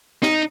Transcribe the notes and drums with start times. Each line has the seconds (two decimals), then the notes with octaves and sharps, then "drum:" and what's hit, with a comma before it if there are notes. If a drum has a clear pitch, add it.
0.23 D#4, drum: snare